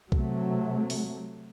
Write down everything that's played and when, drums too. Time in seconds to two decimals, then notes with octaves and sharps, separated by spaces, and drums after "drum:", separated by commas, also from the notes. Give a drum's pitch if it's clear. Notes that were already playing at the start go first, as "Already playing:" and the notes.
0.12 C3 F#3 A3, drum: kick B1
0.90 drum: open hi-hat